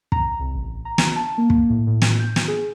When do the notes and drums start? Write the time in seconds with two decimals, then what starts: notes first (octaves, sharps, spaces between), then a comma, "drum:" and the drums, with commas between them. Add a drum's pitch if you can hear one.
0.12 A#5, drum: kick
0.39 C2
0.55 A1
0.85 A#5
0.98 drum: snare
1.16 A5
1.38 A#3
1.50 drum: kick
1.69 A2
1.87 A2
2.02 drum: snare
2.20 G6
2.36 drum: snare
2.48 G#4